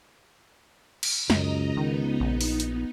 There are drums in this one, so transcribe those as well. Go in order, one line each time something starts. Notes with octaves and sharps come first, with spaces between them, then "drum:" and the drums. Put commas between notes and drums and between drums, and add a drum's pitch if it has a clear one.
drum: cymbal
C#2 F#2 D#5 A#5, drum: snare
D#3 B3 D#4
A#1
drum: open hi-hat
drum: hi-hat